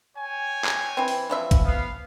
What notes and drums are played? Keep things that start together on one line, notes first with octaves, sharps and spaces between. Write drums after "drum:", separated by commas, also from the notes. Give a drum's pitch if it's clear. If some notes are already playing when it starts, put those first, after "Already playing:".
C#5 G5 G#5
drum: clap
E3 C4
drum: open hi-hat
E3 F3 E5
drum: kick, hi-hat
B3 F5